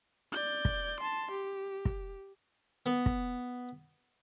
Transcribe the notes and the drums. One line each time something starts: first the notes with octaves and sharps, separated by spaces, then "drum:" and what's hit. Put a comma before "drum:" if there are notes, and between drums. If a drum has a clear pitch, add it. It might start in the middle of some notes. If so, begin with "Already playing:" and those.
D5 G6
drum: kick
A5 C6
G4
drum: kick
B3
drum: kick